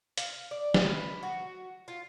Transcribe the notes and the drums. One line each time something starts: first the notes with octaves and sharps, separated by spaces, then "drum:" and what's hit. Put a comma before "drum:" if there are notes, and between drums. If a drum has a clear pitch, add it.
F5, drum: hi-hat
D5
B4, drum: snare
F#4
F4